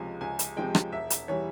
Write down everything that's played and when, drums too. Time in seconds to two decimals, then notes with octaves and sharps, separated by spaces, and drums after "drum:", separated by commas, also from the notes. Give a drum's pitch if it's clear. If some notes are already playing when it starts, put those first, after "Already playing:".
Already playing: C#2 C3 F3 G#3 G#5
0.21 C#2 G#5
0.39 drum: hi-hat
0.57 C3 F3 G#3 G5
0.75 drum: rim click
0.92 E1 E5
1.10 drum: hi-hat
1.28 E3 G3 C#5